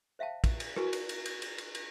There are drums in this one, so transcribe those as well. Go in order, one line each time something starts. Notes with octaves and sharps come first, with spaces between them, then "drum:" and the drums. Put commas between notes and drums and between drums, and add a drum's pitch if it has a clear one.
C5 E5 F5 G5 A5
drum: kick, cymbal
drum: cymbal
E4 F#4 A#4 B4 G#5 C#6, drum: rim click
drum: cymbal
drum: cymbal
drum: cymbal
drum: cymbal
drum: cymbal
drum: cymbal